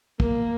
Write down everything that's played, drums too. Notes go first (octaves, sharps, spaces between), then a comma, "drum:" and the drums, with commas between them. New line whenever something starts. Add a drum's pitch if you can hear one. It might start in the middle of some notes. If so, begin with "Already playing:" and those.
A#3, drum: kick